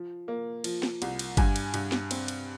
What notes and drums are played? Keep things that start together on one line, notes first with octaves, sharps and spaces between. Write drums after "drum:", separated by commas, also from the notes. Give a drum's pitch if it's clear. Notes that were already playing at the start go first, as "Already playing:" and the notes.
Already playing: F3
A#3
F3, drum: cymbal
drum: snare
C2, drum: cymbal
drum: cymbal
G2 G#5, drum: kick G1, cymbal
drum: cymbal
G2, drum: cymbal
drum: snare
C4, drum: cymbal
drum: cymbal